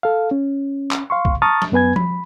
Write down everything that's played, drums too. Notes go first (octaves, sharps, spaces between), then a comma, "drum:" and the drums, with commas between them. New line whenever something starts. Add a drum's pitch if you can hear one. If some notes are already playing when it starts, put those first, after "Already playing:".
A4 F5
C#4
drum: clap
F5 C6 C#6
drum: kick
A5 A#5 C#6 D#6 F6 A6
drum: snare F#3
F#2 B3 B4 G#5 G#6
B5, drum: tom F3